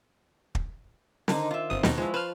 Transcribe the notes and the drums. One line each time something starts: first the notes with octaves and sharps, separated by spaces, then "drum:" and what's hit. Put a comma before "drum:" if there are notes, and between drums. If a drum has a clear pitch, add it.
drum: kick
D3 D#3 D#4 C5 D6, drum: snare
F4 E5
G1 C4 C6 D#6
D#2 B2 D#4 B4 C#5 A5, drum: snare
F3 G#3 E4 C#5
B4 C5 F6